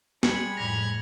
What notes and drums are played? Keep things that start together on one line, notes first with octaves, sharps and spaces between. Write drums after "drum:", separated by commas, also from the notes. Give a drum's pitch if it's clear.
G3 G#3 B5 G#6 C#7 F#7, drum: snare
F2 A2 G#6 A#6 F7